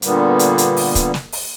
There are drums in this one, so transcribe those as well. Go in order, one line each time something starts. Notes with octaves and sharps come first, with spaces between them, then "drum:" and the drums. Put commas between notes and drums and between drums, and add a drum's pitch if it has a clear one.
A#2 D3 G3 A#3 B3, drum: hi-hat
drum: hi-hat
drum: hi-hat
drum: open hi-hat
drum: kick, hi-hat
drum: snare
drum: open hi-hat